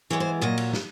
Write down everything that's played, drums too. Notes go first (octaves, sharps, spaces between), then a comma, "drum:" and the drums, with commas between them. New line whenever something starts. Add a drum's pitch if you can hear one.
E3 G#3 B3 C#5
C5
A#2 F#3 D#5
drum: cymbal
drum: snare